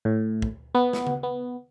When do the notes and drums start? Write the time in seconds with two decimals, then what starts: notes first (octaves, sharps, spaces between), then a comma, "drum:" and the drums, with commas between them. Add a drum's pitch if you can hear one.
0.05 A2
0.42 drum: kick
0.75 B3
0.93 drum: snare
1.07 drum: tom C#3
1.23 B3